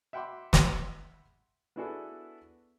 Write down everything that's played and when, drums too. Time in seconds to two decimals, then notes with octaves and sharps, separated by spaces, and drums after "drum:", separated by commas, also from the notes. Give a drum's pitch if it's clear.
0.13 E5 F#5 G5 B5 C6 D6
0.53 drum: snare
1.76 B3 D4 E4 F#4 G#4 A4